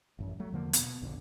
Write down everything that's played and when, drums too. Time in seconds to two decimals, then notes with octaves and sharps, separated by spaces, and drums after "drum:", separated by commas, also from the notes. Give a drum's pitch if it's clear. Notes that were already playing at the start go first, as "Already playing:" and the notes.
0.19 A1 F#2
0.39 F#3 A3
0.52 E2 D3 F3 A#3
0.73 B2 B3, drum: hi-hat
1.02 A#1 F2 D3